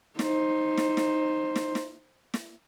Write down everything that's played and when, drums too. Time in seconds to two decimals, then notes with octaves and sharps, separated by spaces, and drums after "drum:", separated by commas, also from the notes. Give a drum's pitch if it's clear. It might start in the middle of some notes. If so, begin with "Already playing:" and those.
0.19 D#4 C5, drum: snare
0.77 drum: snare
0.97 drum: snare
1.56 drum: snare
1.75 drum: snare
2.34 drum: snare